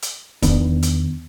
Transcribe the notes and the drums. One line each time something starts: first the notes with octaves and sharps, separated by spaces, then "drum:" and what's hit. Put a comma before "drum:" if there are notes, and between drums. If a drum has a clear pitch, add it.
drum: hi-hat
E2 D#3 B3 D4, drum: kick, hi-hat
drum: hi-hat